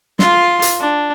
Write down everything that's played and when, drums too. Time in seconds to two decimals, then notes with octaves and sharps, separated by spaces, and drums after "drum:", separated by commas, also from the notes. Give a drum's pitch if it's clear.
0.19 F4 C6, drum: snare
0.62 drum: hi-hat
0.80 D4